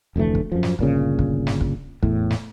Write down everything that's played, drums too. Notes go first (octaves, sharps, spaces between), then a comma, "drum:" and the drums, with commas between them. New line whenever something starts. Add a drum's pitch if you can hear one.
F1 D2 E3 A3
drum: kick
F#2 F3
drum: snare
G1 A#2 C#3, drum: kick
drum: kick
drum: snare
drum: kick
E2 A2, drum: kick
drum: snare